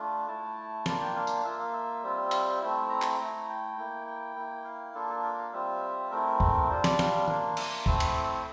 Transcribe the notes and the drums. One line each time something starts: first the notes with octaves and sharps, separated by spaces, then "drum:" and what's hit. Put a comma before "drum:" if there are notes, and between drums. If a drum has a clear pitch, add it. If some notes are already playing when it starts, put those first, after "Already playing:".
Already playing: A3 D4 F4
A3 E4 A5
A#3 D4 F4 A5, drum: snare
G5
F5
drum: tambourine
A#3 F4 E5
F5
E5
G3 C4 F4
E5, drum: hi-hat
A3 C4 E4
A#5
drum: clap
A3 E4
G5
A#3 E4
G5
A#3 E4
F5
A#3 D4 F4 A4
A4
A#4
F5
G3 C4 F4 E5
A3 C4 E4 A#4
drum: kick
G3 D4 F4 C5
D5, drum: snare
F5, drum: snare
A#3 D4 F4, drum: tom
E5, drum: cymbal
A3 C4 E4, drum: kick
drum: cymbal